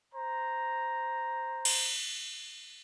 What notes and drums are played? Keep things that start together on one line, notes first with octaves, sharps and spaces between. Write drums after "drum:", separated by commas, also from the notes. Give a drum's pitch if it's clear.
C5 A#5
drum: cymbal